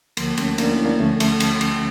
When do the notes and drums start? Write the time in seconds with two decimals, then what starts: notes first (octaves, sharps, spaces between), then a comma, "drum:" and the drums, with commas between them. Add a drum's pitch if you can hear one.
0.17 D2 D3 F3 A#3, drum: cymbal
0.37 A3 C#4, drum: cymbal
0.58 A#3 D4, drum: cymbal
0.72 C#4 E4
0.85 A#3 D4
0.99 D2 D3 F3 A3 C#4
1.20 A3, drum: cymbal
1.40 drum: cymbal
1.61 drum: cymbal